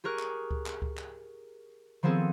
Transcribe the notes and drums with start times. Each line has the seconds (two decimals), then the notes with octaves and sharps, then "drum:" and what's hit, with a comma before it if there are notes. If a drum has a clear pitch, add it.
0.04 G4 G#4 A#4 C#6 F#6
0.19 drum: clap
0.51 drum: kick C#2
0.66 drum: clap
0.82 drum: kick C#2
0.98 drum: clap
2.03 D#3 F3 B3 C4 G#4 A4